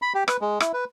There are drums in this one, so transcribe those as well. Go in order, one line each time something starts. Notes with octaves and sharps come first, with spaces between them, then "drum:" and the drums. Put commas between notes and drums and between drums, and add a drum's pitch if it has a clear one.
B5
G4
B4, drum: rim click
G#3
E4, drum: rim click
B4